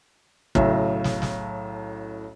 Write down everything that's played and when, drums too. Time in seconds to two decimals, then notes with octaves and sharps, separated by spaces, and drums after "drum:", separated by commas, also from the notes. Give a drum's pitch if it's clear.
0.55 B1 A2 C#3 E5, drum: kick
1.04 drum: snare
1.22 drum: snare